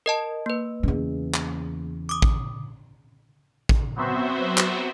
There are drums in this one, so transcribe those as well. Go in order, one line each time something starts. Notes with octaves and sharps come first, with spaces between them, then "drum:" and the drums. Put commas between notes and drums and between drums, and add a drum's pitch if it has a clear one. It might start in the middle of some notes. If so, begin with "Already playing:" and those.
A#4 D#5 A5
A#3 B4
E2 C#3
drum: clap
D6 D#6
drum: kick
drum: kick
F#3 B3 C4 F#4 C5 E5
drum: clap